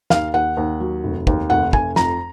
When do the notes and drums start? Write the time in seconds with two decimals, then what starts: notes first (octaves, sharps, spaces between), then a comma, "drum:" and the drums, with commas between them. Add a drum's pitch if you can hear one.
0.10 D#2 F5, drum: snare
0.34 D#2 F#5
0.57 D#2
0.80 F#3
1.04 F1
1.27 D#2, drum: kick
1.50 F1 F#5
1.73 F1 G#5, drum: kick
1.96 F2 A#5, drum: snare